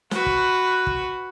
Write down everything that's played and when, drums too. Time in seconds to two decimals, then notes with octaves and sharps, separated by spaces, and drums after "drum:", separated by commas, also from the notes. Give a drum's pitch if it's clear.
0.11 F#4 B4, drum: snare
0.26 drum: kick
0.87 drum: kick